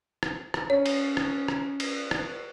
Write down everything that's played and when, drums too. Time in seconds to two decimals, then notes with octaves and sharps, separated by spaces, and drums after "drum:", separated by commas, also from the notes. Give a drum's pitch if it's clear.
0.23 drum: rim click
0.54 drum: rim click
0.70 C#4 C#5
0.86 drum: cymbal
1.17 drum: rim click
1.48 drum: rim click
1.80 drum: cymbal
2.11 drum: rim click